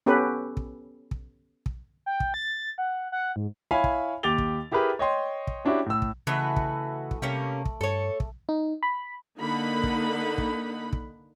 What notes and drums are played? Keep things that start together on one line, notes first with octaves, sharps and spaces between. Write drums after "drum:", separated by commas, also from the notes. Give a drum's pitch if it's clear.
B3 C#4 G4 A4 B4
drum: kick
drum: kick
drum: kick
G5
drum: kick
A6
F#5
F#5
G#2
E4 C#5 F5 G#5 B5
drum: kick
D#2 G4 D6 A6 F7 G7
drum: kick
E4 G4 G#4 A#4 B4
C#5 D#5 G5 C6
drum: kick
C#4 D4 E4 F#4 G4
A2 E6
drum: kick
C#3 E3 A3 F#4 B4 D#5 E5
drum: kick
drum: kick
C3 G3 A#3 C#4 D5
drum: kick
G2 A4 C#5
drum: kick
D#4
B5
D3 A#3 D#4 F#5 B5
drum: kick
drum: kick
drum: kick